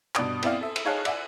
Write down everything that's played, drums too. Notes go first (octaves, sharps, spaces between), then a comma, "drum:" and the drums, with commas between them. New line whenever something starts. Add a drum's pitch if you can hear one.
G2 B2 B3 D5 D#6 D7, drum: clap
B3 C4 E4 D5 F5, drum: cymbal
A4 E5
drum: cymbal
D#4 G#4 C#5 F5 A5 F#6
D5 E5 F#5 G#5, drum: cymbal